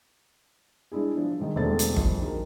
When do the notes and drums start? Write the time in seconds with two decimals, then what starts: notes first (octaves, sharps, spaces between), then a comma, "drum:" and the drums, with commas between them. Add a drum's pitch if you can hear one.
0.92 G#3 D4 E4 G#4
1.15 F3 D4
1.39 G#2 D#3 G#3
1.56 E1 D2 C4 A4 D5 A6
1.79 drum: hi-hat
1.96 G#1 F2, drum: kick G1
2.22 D#4 F#4 G#4 A#4